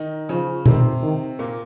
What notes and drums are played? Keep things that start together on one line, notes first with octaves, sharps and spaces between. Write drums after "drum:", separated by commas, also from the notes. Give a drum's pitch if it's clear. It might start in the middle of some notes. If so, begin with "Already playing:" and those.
Already playing: D#3 D#4
C#3 F3 C#4
C3 D#3 C4, drum: tom B2
D#3
A#2 A#3